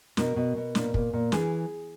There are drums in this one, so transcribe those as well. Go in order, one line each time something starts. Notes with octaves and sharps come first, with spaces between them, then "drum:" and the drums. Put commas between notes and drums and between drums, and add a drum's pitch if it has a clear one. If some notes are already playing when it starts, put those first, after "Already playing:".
B2 A#4, drum: snare
B2
B2
A#2, drum: snare
A#2, drum: kick
A#2
E3 G#4, drum: snare